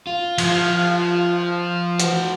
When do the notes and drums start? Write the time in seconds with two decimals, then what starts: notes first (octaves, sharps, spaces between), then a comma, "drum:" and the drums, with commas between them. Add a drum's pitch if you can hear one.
0.07 F4
0.38 F3, drum: cymbal
2.00 F#4 C5, drum: hi-hat